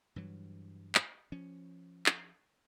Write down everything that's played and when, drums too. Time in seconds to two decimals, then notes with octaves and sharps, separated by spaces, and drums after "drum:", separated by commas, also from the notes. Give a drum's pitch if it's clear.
0.16 G2 E3 F#3
0.95 drum: clap
1.32 F3 C#4
2.06 drum: clap